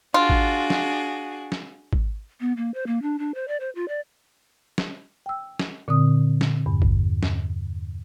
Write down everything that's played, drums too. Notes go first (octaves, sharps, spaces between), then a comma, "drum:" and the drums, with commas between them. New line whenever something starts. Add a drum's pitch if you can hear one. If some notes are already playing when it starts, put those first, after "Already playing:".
D4 F4 F#4 G#4
drum: kick G#1
drum: snare
drum: snare
drum: kick G#1
B3
A#3
C5
A#3
D4
D4
C5
D5
C5
F4
D5
drum: snare
G5 E6
drum: snare
A#2 D3 C4 D#6
drum: snare
E2 G2
drum: kick G#1
drum: snare